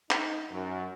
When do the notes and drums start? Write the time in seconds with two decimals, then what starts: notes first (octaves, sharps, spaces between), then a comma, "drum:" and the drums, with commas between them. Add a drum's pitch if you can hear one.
0.11 D#4, drum: clap
0.52 F#2